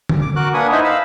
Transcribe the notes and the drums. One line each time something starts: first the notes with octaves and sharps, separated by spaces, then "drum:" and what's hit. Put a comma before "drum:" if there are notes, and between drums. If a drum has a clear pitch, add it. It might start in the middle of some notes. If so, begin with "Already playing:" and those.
drum: tom D3
D6
F#4 A#4 D6 F#6
A#3 D4 B4 F#5 G#5 D#6
D#4 E4 B4 C5 D#5 E5
F5 B5 E6